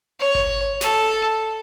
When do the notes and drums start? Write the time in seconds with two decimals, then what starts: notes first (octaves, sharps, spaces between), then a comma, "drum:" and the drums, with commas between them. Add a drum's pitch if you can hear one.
0.20 C#5
0.35 drum: kick G#1
0.81 A4, drum: snare